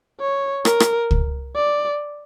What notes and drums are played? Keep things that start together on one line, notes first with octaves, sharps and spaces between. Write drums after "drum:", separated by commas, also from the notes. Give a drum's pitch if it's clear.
C#5
A#4, drum: rim click
drum: rim click
drum: kick C#2
D5